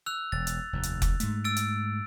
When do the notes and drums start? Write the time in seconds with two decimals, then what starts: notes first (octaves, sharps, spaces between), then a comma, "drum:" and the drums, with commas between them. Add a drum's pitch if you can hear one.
0.06 E6 F#6 F7
0.32 E1 A6
0.47 drum: hi-hat
0.73 F1 D#2
0.83 drum: hi-hat
1.02 drum: kick F1, hi-hat
1.20 G#2 A3, drum: hi-hat
1.44 E6 A6 D7
1.57 drum: hi-hat